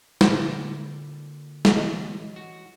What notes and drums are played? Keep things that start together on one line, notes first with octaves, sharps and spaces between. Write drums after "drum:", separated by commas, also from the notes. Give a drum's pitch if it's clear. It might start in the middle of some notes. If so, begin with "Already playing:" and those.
A#2 D3, drum: snare
E3 F#3 D#5, drum: snare
F#4